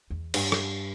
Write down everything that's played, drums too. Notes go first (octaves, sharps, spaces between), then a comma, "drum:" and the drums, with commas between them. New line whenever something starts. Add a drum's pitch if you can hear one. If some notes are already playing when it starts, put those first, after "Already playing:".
E2
G2, drum: cymbal
drum: rim click